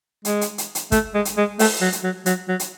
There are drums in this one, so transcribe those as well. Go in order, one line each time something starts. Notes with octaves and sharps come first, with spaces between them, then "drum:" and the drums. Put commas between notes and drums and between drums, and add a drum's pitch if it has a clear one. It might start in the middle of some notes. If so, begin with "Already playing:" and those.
G#3, drum: hi-hat
drum: hi-hat
drum: hi-hat
drum: hi-hat
A3, drum: kick, hi-hat
G#3
drum: hi-hat
G#3
A3, drum: open hi-hat
F#3
drum: hi-hat
F#3
F#3, drum: hi-hat
F#3
drum: hi-hat